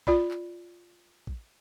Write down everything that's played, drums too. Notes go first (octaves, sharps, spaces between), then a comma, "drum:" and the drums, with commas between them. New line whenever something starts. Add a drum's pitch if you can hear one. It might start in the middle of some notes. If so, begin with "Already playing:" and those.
F4 D5 B5, drum: kick
drum: clap
drum: kick